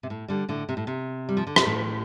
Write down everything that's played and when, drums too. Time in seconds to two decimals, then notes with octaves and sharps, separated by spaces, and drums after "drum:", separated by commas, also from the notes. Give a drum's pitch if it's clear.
0.03 C3
0.10 A2
0.28 D3 G3
0.48 A2 D3
0.69 C3
0.77 A2
0.87 C3
1.29 G3
1.37 F3
1.47 D3
1.56 C3, drum: rim click
1.66 A2